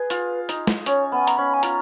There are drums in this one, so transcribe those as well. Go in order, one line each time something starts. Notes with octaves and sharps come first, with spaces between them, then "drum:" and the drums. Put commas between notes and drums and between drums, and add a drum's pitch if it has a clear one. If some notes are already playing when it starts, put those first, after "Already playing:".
Already playing: G#4 B4
F4, drum: hi-hat
D#4, drum: hi-hat
drum: snare
C#4 C#5, drum: hi-hat
B3 G#5
A#5, drum: hi-hat
C#4 B5
G#5
F4 A#5, drum: hi-hat